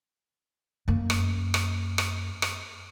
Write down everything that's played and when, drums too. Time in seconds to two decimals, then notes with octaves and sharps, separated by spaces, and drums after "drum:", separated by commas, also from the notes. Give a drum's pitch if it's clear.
0.88 F#2 A#3
1.10 drum: rim click
1.54 drum: rim click
1.98 drum: rim click
2.42 drum: rim click